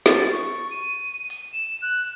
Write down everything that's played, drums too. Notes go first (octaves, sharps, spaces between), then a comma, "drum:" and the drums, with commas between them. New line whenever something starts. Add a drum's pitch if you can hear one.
A6, drum: snare
C#6
D#7
drum: open hi-hat
E7
F#6